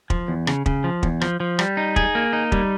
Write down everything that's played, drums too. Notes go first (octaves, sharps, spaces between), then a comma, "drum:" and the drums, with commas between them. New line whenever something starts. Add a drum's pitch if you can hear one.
F3, drum: kick
E2
C#3, drum: rim click
C#3, drum: kick
F3
E2, drum: kick
F3, drum: rim click
F3
G3, drum: rim click
D#4
G#4, drum: kick
A#3
D#4
G3, drum: kick